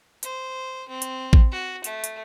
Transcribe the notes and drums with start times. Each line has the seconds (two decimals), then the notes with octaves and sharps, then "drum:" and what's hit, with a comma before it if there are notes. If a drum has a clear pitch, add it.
0.23 C5, drum: hi-hat
0.89 C4
1.02 drum: hi-hat
1.33 drum: kick A1
1.52 F#4
1.84 A3, drum: hi-hat
2.04 drum: hi-hat